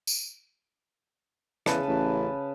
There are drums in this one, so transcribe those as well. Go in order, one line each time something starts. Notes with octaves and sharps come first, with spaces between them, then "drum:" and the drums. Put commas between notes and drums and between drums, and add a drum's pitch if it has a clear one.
drum: tambourine
E2 C#3 B4 A5, drum: rim click
A1